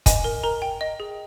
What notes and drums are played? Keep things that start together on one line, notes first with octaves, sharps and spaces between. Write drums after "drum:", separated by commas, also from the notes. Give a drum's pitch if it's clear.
D#5 G#5, drum: kick, hi-hat
A#4
A#4 A#5
G5
D#5
G#4